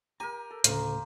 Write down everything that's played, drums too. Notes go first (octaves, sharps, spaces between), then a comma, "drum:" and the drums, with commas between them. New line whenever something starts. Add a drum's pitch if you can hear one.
G4 A#4 G#5 A#5
A4
D2 A2 C#3 C5 F5 A#5, drum: hi-hat